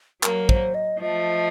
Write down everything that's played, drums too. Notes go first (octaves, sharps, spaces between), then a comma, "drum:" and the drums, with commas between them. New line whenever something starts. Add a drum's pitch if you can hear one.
F#3 A#3 A#4, drum: clap
C5, drum: kick
D#5
F3 A3 D#5